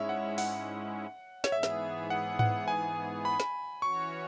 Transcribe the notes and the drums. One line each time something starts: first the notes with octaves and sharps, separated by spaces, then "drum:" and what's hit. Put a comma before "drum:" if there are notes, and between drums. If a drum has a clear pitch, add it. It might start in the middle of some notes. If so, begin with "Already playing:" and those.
Already playing: G#2 G#3 C#4 E4 C#5 E5
F#5
F#5, drum: open hi-hat
C#5, drum: snare
G#2 E3 B3 G#4 E5
drum: snare
F#5
F#5, drum: tom G#2
G#5
B5
drum: snare
E3 C#4 F#4 C#5 C#6